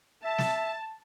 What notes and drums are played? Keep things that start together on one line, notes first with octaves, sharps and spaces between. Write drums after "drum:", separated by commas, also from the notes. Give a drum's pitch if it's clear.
E5 A5
drum: snare